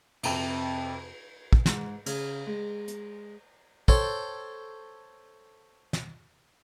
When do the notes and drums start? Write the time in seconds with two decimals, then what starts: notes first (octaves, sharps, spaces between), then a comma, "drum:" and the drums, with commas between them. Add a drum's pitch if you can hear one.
0.23 F2 C3, drum: cymbal
1.53 drum: kick
1.66 G#2, drum: snare
2.06 C#3, drum: cymbal
2.47 G#3
2.88 drum: hi-hat
3.88 A4 C5 C#5 G5 A5, drum: kick
5.93 drum: snare